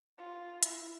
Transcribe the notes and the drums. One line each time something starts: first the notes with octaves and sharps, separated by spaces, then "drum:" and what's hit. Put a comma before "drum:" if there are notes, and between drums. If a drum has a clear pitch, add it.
F4
E4, drum: hi-hat